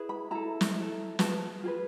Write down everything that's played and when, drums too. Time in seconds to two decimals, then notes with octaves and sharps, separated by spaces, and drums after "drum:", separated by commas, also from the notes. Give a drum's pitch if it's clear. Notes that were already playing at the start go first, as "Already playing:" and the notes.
Already playing: E4 G#4 B4
0.09 B5
0.31 E4 A4 A#5
0.61 drum: snare
0.75 E4 A4
1.19 F4 G#4 B4 A5, drum: snare
1.63 F4 G#4 B4